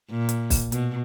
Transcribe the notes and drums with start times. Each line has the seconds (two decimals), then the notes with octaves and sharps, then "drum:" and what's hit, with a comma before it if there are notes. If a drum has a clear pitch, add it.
0.11 A#2
0.29 drum: hi-hat
0.50 drum: kick, open hi-hat
0.72 B2, drum: hi-hat